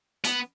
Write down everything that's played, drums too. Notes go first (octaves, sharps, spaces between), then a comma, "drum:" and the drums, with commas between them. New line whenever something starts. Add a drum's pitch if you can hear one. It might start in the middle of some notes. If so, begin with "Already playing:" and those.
B3, drum: hi-hat